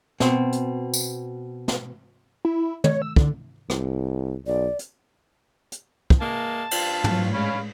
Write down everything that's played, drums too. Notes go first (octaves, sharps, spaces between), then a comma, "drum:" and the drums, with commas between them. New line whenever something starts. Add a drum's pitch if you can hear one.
B2 C4, drum: snare
drum: hi-hat
drum: tambourine
drum: snare
E4
C#5, drum: tom
E6
D3, drum: kick
C2, drum: rim click
B1 D5
drum: hi-hat
drum: hi-hat
drum: kick
E3 G#3 A#3 A5
G2 C4 F4, drum: cymbal
A2 F#3 C#5, drum: tom
G#3 C#4 F5 B5